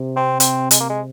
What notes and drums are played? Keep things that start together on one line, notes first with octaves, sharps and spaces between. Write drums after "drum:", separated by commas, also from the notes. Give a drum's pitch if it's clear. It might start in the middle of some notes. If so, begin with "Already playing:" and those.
Already playing: C3
C4
C4, drum: hi-hat
G#3, drum: hi-hat
A#3
G#3